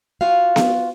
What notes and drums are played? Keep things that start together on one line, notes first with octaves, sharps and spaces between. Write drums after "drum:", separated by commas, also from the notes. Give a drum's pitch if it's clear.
F4 F#4 F5
drum: snare B3